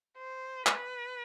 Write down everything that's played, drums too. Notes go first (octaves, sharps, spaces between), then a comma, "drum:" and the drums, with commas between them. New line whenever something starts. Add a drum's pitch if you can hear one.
C5
B4, drum: clap